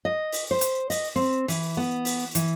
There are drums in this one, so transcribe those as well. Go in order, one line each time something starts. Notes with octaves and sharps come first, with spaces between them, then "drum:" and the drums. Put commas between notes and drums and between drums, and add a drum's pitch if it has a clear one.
D#5
drum: open hi-hat
C5
drum: hi-hat
D#5, drum: open hi-hat
C4
E3, drum: open hi-hat
B3
drum: open hi-hat
E3, drum: hi-hat